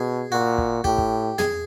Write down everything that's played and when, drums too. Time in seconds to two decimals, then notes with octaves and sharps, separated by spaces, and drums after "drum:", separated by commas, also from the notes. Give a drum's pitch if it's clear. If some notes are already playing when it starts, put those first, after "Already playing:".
Already playing: B2 G#4
0.31 A#2 F#4
0.58 drum: kick
0.84 A2 G4, drum: kick
0.98 drum: kick
1.38 G#4, drum: tom